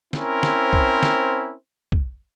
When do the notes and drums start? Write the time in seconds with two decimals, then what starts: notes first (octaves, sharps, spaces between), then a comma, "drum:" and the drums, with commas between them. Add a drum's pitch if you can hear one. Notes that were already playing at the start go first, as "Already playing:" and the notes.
0.13 C4 C#4 E4 A#4 C5, drum: snare
0.43 drum: snare
0.73 drum: kick
1.03 drum: snare
1.92 drum: kick